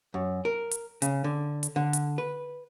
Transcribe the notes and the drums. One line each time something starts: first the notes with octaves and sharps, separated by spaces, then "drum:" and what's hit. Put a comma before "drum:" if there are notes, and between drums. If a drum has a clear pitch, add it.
F#2
A#4
drum: hi-hat
C#3, drum: hi-hat
D3
drum: hi-hat
D3
drum: hi-hat
B4